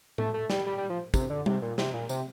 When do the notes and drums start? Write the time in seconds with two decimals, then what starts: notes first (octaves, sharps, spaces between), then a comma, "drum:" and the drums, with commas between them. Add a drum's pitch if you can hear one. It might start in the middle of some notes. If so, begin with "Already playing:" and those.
0.18 A3, drum: tom A2
0.34 A3
0.50 G3, drum: snare
0.66 G3
0.78 G3
0.90 F3
1.14 C3, drum: kick, tambourine
1.30 D3
1.46 C3, drum: tom G3
1.62 A#2
1.78 C3, drum: snare
1.94 A#2
2.09 C3, drum: tambourine